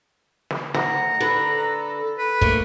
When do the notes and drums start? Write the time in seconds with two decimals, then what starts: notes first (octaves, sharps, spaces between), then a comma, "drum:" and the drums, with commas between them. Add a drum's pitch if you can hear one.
0.50 drum: snare
0.74 D2 F#5 A#5, drum: snare
1.20 D3 A4 B4
2.18 B4
2.41 A3 A#3 D4, drum: kick